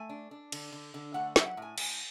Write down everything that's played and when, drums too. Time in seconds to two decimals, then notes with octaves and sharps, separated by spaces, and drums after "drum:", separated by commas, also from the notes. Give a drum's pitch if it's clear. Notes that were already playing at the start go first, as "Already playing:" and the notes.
Already playing: A3 G#5
0.09 D4
0.31 D4
0.52 D3, drum: cymbal
0.72 D3
0.94 D3
1.14 A3 F#5
1.36 F#3 E5, drum: snare
1.46 F#5
1.57 A2 G#5
1.78 A2 G#5, drum: cymbal